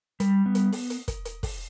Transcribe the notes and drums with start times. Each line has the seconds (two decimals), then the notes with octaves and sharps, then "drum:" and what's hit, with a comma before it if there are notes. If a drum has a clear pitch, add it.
0.20 G3, drum: hi-hat
0.46 B3
0.55 drum: hi-hat
0.72 drum: open hi-hat
0.90 drum: hi-hat
1.08 drum: kick, hi-hat
1.25 drum: hi-hat
1.43 drum: kick, open hi-hat